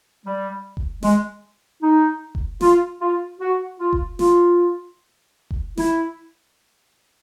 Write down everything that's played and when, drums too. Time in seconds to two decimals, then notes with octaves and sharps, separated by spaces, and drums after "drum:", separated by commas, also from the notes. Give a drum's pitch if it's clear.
0.24 G3
0.77 drum: kick F#1
1.03 G#3, drum: snare
1.83 D#4
2.35 drum: kick F#1
2.61 F4, drum: snare
3.00 F4
3.39 F#4
3.79 F4
3.93 drum: kick F#1
4.19 F4, drum: snare
5.51 drum: kick F#1
5.77 E4, drum: snare